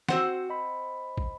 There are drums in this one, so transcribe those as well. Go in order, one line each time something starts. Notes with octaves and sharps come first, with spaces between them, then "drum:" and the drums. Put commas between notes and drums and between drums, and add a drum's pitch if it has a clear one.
C4 F#4 C5 F#5 C6, drum: snare
D#5 B5
drum: kick